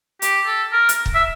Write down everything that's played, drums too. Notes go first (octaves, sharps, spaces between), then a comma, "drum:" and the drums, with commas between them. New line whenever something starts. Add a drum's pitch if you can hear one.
G4, drum: hi-hat
A4
A#4
drum: hi-hat
drum: kick
E5